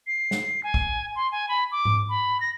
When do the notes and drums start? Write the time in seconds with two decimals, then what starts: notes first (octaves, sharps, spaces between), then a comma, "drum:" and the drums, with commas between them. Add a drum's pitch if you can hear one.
0.07 C7
0.31 drum: snare
0.64 G#5
0.74 drum: kick
1.16 C6
1.32 G#5
1.49 B5
1.72 D6
1.85 drum: tom G#2
2.09 B5
2.41 A#6